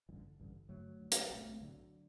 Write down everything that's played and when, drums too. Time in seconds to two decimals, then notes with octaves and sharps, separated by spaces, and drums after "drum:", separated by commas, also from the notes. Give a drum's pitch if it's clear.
0.09 A1 G2 D3 E3
0.39 A1 G2 D3
0.69 G1 G2 D3 F#3 A3
1.00 G1 G2 D3
1.12 drum: hi-hat
1.30 B1 A2 A3 C4
1.45 A3 C4
1.60 B1 A2 D3 F#3